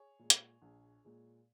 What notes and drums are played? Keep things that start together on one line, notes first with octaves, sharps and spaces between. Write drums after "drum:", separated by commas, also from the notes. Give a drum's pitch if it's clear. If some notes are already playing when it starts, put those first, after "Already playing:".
Already playing: G#4 C#5
A#2 G#3
drum: hi-hat
A#1
A#2 G#3